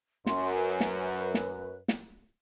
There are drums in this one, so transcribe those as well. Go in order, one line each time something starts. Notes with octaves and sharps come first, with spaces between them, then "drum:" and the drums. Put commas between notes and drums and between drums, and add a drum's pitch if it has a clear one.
F#2 C6, drum: snare
B4
drum: snare
drum: snare
drum: snare